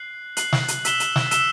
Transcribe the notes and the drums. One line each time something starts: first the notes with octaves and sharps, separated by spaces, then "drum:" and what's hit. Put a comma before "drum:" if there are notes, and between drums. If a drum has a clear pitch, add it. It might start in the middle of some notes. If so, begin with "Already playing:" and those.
Already playing: F#6 C7 F#7
F#6 C7 F#7, drum: hi-hat
drum: snare
drum: hi-hat
E6 B6 E7 G7, drum: hi-hat
drum: hi-hat
drum: snare
E6 B6 E7 G7, drum: hi-hat